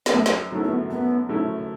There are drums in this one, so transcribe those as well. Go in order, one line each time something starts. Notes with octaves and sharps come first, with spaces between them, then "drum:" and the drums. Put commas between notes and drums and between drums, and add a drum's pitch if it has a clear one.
B3, drum: snare
F#2 A3
drum: snare
F#3 A3 C#4 E4
B3
F#2 B3
F#3 A3 C#4 E4